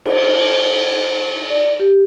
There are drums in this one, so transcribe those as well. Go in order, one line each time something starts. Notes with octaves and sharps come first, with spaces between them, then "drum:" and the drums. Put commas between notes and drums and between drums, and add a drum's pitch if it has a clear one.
C5, drum: cymbal
D5
G4